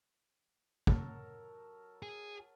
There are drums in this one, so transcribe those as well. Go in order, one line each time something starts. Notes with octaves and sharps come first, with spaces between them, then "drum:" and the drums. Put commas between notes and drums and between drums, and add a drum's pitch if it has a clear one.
F#3 A4 A#4, drum: kick
G#4